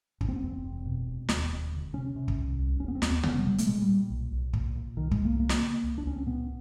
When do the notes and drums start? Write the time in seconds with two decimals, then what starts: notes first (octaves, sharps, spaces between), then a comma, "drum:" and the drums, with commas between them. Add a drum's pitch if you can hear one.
0.21 F1 C#4, drum: kick
0.28 C4
0.36 B3
0.42 E2 C4
0.64 F1
0.85 B2
1.07 E1
1.29 D#2, drum: snare
1.50 E1
1.72 D3
1.94 C3 C#4
2.16 C3
2.28 drum: kick
2.37 C2
2.59 C2
2.80 F1 C#4
2.88 B3
2.95 C4
3.02 D#2, drum: snare
3.09 B3
3.23 F1 B3, drum: tom C3
3.38 F#3
3.46 C#3 G3
3.58 A3, drum: hi-hat
3.67 A#2 G#3
3.82 G3
3.88 A#2
4.10 B1
4.32 B1
4.53 A#2, drum: kick
4.75 A#2
4.97 C2 D#3
5.11 G#3, drum: kick
5.18 C2
5.25 A#3
5.40 C#3 A#3
5.49 drum: snare
5.62 C#3
5.83 C#2
5.98 D4
6.05 C#2 C#4
6.17 C4
6.26 A#2 B3